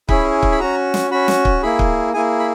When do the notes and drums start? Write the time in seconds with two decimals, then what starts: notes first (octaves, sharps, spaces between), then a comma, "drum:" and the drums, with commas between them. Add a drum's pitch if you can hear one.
0.09 C#4 E4 G#4 B5, drum: kick
0.43 drum: kick
0.52 B5
0.59 C#4 F#4 A#5
0.94 drum: snare
1.11 C#4 F#4 B5
1.28 drum: snare
1.45 drum: kick
1.62 A#3 E4 G#4 B5
1.79 drum: kick
2.13 A#3 E4 G#4 G#5
2.39 B5